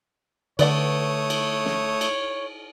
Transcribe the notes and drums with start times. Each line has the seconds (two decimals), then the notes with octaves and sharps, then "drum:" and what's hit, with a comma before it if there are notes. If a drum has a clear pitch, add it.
0.59 D3 A3 B4 C#5 D5 F#5 D#6, drum: cymbal
1.30 drum: cymbal
1.65 drum: snare
2.01 drum: cymbal